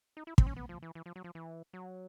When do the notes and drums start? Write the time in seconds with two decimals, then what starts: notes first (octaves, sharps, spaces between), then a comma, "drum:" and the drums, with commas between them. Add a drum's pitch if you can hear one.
0.17 D#4
0.27 E4
0.38 C4, drum: kick
0.47 C#4
0.56 B3
0.69 F3
0.82 E3
0.95 E3
1.06 F3
1.16 F#3
1.24 F3
1.35 E3
1.73 F#3